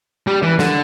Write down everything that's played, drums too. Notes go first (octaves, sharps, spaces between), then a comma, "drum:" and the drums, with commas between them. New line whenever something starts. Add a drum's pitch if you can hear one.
G3
E3
D3, drum: snare